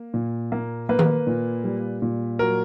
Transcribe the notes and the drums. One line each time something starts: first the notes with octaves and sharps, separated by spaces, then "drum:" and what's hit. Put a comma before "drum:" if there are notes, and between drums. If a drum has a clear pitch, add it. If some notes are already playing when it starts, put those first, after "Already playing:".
Already playing: A#3
A#2
A#3
A#3 B4
drum: tom D#3
A#2
G3
A#2
F#3 A#4